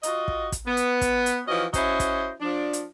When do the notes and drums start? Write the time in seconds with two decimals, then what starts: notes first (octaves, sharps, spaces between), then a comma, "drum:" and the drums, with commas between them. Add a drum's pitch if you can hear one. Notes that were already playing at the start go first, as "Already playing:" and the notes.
0.03 F4 F#4 D#5, drum: hi-hat
0.28 drum: kick
0.52 drum: kick, hi-hat
0.67 B3
0.77 drum: hi-hat
1.01 drum: kick, hi-hat
1.26 drum: hi-hat
1.47 E3 F3 C#4 F#4 D#5
1.74 C#4 E4 F#4 C5 D#5, drum: kick, hi-hat
2.00 drum: kick, hi-hat
2.41 F3 D4
2.73 drum: hi-hat